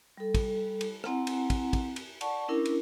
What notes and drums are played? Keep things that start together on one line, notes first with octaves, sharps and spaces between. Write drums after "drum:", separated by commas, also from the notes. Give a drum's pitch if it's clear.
G3 A4
drum: kick, cymbal
drum: cymbal
C4 E4 F#5 G#5 A#5, drum: rim click
drum: cymbal
drum: kick, cymbal
drum: kick, cymbal
drum: cymbal
D5 F#5 A5 C#6, drum: cymbal
C#4 D4 E4 A#4
drum: cymbal